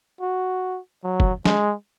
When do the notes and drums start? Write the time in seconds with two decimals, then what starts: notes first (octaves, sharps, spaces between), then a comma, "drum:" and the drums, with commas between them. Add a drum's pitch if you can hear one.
0.21 F#4
1.04 F#3
1.20 drum: kick F#1
1.45 G#3, drum: snare